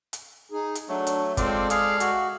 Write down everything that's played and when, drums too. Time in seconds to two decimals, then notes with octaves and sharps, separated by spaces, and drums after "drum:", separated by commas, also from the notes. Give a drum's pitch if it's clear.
0.13 drum: hi-hat
0.52 D#4 G#4
0.75 drum: hi-hat
0.89 F#3 A3 D4
1.07 drum: hi-hat
1.37 G#3 C4 F4 A4 D5 D6, drum: kick G1, hi-hat
1.70 G#4 F5, drum: hi-hat
2.00 F#4, drum: hi-hat